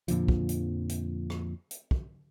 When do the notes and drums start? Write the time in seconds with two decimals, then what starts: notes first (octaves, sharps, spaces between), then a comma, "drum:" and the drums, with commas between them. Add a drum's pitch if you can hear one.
0.08 F2 A#2 D3 F3, drum: hi-hat
0.28 drum: kick
0.49 drum: hi-hat
0.89 drum: hi-hat
1.30 drum: rim click
1.71 drum: hi-hat
1.91 drum: kick